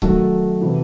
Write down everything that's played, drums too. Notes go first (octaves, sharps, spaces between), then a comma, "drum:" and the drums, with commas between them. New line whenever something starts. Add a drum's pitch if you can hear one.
F#2 D#3 A3 F#4 A4, drum: kick C#1
C3 E3